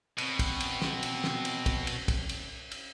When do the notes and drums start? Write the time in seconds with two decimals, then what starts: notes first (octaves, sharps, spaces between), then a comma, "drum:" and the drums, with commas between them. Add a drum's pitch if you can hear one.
0.18 B2 C4, drum: cymbal
0.39 drum: kick, cymbal
0.60 drum: cymbal
0.82 drum: snare
1.03 drum: cymbal
1.24 drum: snare
1.45 drum: cymbal
1.66 drum: kick, cymbal
1.87 drum: cymbal
2.08 drum: kick, cymbal
2.29 drum: cymbal
2.72 drum: cymbal